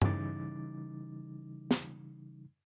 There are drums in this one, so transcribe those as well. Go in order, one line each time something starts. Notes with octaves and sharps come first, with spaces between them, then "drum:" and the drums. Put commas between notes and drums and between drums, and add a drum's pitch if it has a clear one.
C#3 E3 G3 D#4 D6 A6, drum: tom G2
drum: snare